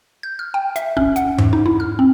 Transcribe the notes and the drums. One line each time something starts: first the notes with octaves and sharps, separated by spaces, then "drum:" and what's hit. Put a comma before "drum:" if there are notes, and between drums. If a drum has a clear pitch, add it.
G6
F6
G5
E5, drum: hi-hat
C#4, drum: kick
F#5, drum: hi-hat
G#2, drum: tom E2
D#4
E4
F6
C4